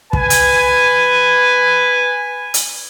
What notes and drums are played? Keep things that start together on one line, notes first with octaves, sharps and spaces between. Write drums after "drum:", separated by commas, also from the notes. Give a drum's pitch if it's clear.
B4 G#5, drum: kick
drum: hi-hat
drum: hi-hat